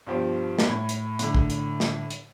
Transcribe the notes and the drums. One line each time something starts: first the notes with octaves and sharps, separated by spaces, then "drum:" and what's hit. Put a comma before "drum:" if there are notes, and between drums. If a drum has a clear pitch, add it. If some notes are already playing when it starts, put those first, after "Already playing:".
G2 B2 F3 G4 C5
drum: snare
A2 B5 G#6
drum: hi-hat
A2 D3, drum: hi-hat
drum: kick
drum: hi-hat
drum: snare
drum: hi-hat